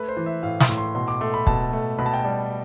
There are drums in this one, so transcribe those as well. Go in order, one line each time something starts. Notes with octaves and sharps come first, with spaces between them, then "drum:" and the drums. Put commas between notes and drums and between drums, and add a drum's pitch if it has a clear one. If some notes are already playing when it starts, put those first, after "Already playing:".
Already playing: A3 B4
C5
E3
E5
A2 F5
C6, drum: snare
A2
C6
B2 C6
D6
A3 C6
B5
B2 A5, drum: kick
A3
B2 B5
A5
G5
G3 A5